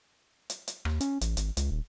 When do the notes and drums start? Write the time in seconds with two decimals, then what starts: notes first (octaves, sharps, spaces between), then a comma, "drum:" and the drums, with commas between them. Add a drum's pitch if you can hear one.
0.50 drum: hi-hat
0.68 drum: hi-hat
0.85 D#2, drum: rim click
1.00 C#4, drum: hi-hat
1.21 A1, drum: hi-hat
1.37 G#1, drum: hi-hat
1.57 C#2, drum: hi-hat
1.71 D#1